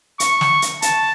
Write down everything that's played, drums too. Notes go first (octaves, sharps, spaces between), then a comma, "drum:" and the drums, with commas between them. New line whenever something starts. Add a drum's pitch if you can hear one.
C#6, drum: hi-hat
drum: snare
drum: hi-hat
A5, drum: hi-hat